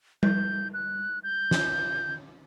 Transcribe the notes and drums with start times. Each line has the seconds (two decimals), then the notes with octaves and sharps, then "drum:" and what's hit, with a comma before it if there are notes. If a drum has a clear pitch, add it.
0.23 G6, drum: tom G3
0.74 F#6
1.24 G6
1.51 drum: snare